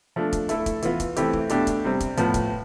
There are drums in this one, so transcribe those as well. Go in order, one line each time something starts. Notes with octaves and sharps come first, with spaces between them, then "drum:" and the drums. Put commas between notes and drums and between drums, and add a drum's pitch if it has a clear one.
F3 A3 D4
drum: kick, hi-hat
A3 E4 A4, drum: hi-hat
drum: kick, hi-hat
E3 B3 F4, drum: hi-hat
drum: kick, hi-hat
E3 A3 C4 E4 G4, drum: hi-hat
drum: kick
B2 A3 D4 G4, drum: hi-hat
drum: kick, hi-hat
C3 G3 C4
drum: kick, hi-hat
A2 F3 B3, drum: hi-hat
drum: kick, hi-hat